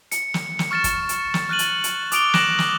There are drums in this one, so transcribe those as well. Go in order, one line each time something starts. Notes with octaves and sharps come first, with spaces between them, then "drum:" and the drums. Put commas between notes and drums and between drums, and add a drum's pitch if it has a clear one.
C#7, drum: hi-hat
drum: snare
drum: snare
C#6 F6 A6 C#7 E7
drum: kick, hi-hat
drum: hi-hat
drum: snare
F6 F#6 A6 D#7 F#7
drum: hi-hat
drum: hi-hat
D6 D#6 D7 F7 G7, drum: hi-hat
F#6 A#6 D7 E7 F#7, drum: snare
drum: snare